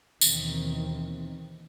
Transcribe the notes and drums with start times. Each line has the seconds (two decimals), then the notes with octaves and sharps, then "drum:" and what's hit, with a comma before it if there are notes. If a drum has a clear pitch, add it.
0.21 D#2 B2 D#3 E3 C4, drum: tambourine